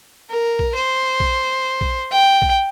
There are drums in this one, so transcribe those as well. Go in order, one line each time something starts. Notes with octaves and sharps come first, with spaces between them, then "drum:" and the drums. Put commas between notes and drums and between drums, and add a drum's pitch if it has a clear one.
A#4
drum: kick A#1
C5
drum: kick A#1
drum: kick A#1
G5
drum: kick A#1